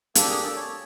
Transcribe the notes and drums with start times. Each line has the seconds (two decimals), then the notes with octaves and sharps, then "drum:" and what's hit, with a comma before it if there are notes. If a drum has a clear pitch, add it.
0.15 A#3 D4 G4 A4, drum: hi-hat
0.29 G#4
0.43 A4
0.56 C#5